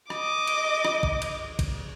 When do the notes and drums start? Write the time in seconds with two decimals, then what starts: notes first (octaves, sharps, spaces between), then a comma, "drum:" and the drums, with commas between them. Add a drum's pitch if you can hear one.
0.10 D#5 D6, drum: rim click
0.47 drum: cymbal
0.85 drum: rim click
1.03 drum: kick
1.22 drum: cymbal
1.59 drum: kick, cymbal